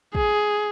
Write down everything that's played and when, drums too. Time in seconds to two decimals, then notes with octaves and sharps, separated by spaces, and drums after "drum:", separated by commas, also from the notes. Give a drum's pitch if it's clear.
0.15 G#4, drum: kick